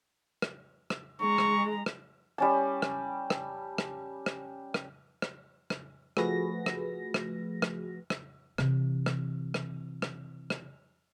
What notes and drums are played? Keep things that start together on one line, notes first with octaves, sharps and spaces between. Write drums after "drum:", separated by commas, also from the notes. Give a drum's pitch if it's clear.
drum: rim click
drum: rim click
G#3 A#5 C#6
drum: rim click
drum: rim click
G3 C#4 A5
drum: rim click
drum: rim click
drum: rim click
drum: rim click
drum: rim click
drum: rim click
drum: rim click
F3 A3 F#4 G#4 B4 A#6, drum: rim click
drum: rim click
drum: rim click
drum: rim click
drum: rim click
C3 E3, drum: rim click
drum: rim click
drum: rim click
drum: rim click
drum: rim click